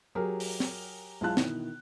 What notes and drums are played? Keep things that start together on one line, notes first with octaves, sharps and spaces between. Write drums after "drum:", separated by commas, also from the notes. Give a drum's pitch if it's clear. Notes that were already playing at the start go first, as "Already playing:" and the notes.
F#3 G4 G#4 A#4
drum: open hi-hat
drum: snare
B1 G#3 E4 F4 A5 F#6
B2 D#3 E3, drum: snare